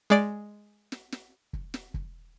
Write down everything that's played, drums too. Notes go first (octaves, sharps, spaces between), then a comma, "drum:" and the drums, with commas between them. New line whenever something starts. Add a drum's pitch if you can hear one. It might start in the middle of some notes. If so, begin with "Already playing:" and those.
G#3 D5 D7, drum: snare
drum: snare
drum: snare
drum: kick
drum: snare
drum: kick